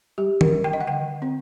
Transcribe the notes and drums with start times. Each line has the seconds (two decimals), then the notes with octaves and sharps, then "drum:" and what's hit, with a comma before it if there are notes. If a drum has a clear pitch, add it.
0.18 G3 G4
0.41 A#4, drum: tom D#3
0.53 G3
0.64 G5
0.73 D#5
0.81 F#5
0.87 D3 G5
1.22 C4